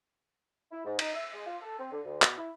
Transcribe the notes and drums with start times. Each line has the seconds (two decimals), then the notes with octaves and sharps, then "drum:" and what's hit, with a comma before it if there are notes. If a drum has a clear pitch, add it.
0.72 E4
0.85 G#2
0.99 D#4, drum: cymbal
1.14 E5
1.33 G#3
1.46 F4
1.62 A4
1.79 C4
1.92 D3
2.05 D2
2.22 B2, drum: clap
2.38 E4